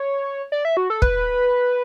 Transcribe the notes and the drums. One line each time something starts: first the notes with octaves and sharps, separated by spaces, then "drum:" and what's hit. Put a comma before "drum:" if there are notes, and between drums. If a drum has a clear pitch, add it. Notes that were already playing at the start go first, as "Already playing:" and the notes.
Already playing: C#5
D5
E5
F#4
A4
B4, drum: kick